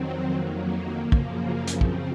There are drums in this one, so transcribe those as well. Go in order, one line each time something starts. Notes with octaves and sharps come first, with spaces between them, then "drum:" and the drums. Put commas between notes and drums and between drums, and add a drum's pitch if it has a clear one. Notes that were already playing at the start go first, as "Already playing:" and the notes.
Already playing: F2 D#3 F#3 C4
A#3
F#2 C#3 F3
drum: kick
C4, drum: hi-hat
drum: kick